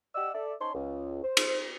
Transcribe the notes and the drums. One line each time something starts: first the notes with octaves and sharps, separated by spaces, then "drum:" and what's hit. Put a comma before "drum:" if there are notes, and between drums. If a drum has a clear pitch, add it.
G4 D5 D#5 F#5 E6
A4 D5 E5
C#4 D#4 C5 C#5 A5 C6
C#2
C5
drum: cymbal